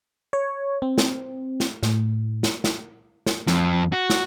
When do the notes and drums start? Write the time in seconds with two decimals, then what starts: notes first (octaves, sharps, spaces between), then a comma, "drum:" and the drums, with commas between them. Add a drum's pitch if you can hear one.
0.33 C#5
0.82 C4
0.98 drum: snare
1.60 drum: snare
1.83 A2, drum: snare
2.43 drum: snare
2.64 drum: snare
3.26 drum: snare
3.47 F2, drum: snare
3.92 F#4
4.10 drum: snare